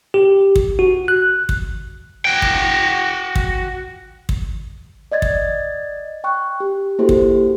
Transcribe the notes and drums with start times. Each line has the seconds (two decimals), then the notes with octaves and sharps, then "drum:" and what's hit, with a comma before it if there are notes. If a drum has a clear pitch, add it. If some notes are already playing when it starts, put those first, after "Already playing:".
0.14 G4
0.56 drum: kick
0.79 F#4
1.08 F#6
1.49 drum: kick
2.25 F#4 G5
2.42 drum: kick
3.36 drum: kick
4.29 drum: kick
5.12 D5 D#5 G#6 A6
5.22 drum: kick
6.24 G5 C#6 F#6
6.60 G4
6.99 A#3 E4 F#4 G4 A4 C5
7.09 drum: kick